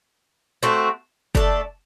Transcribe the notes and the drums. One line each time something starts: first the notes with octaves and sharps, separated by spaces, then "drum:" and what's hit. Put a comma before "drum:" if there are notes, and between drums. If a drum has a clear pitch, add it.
A3 C4 F#4
A3 D4 A4, drum: kick F#1